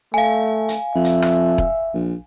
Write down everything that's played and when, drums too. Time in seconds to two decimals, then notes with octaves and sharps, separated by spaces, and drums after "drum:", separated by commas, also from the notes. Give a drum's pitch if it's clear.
0.14 A3 F5 G#5
0.68 drum: hi-hat
0.95 F2 E5
1.04 drum: hi-hat
1.22 drum: rim click
1.58 drum: kick E1
1.94 A#1